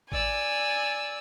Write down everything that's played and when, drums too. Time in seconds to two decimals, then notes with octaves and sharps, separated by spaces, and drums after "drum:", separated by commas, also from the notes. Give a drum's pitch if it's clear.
0.12 D5 G#5 E6, drum: kick A1